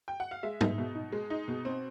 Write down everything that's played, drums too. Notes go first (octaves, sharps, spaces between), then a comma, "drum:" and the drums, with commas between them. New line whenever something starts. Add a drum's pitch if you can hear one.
G5
F#5
F5
G#3 E5
D#4, drum: tom G#2
B2
D#4
G#3
D#4
B2
C4